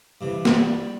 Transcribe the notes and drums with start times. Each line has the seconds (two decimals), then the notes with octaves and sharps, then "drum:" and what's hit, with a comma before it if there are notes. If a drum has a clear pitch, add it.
0.21 G2 C3 E3
0.45 G3, drum: snare